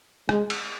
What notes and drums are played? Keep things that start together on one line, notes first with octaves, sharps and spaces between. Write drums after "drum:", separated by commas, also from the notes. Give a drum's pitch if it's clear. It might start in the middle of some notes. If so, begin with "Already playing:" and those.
G#3, drum: rim click
drum: cymbal